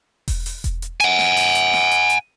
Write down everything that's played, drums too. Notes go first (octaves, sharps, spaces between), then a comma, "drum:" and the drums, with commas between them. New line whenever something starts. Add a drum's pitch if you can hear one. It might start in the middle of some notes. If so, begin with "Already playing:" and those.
drum: kick E1, open hi-hat
drum: open hi-hat
drum: kick E1, hi-hat
drum: hi-hat
F#5 G#5, drum: hi-hat
drum: snare
drum: open hi-hat
drum: hi-hat
drum: snare
drum: hi-hat
drum: hi-hat